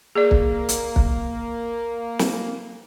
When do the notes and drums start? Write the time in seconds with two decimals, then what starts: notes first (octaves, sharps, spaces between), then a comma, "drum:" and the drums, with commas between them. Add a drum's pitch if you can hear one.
0.15 A#3 G#4 D5
0.31 drum: kick
0.69 drum: hi-hat
0.96 drum: kick
2.19 drum: snare